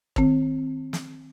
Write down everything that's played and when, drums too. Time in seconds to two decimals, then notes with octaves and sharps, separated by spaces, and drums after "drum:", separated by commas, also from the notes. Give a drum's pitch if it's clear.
0.16 D#3 C4, drum: kick
0.93 drum: snare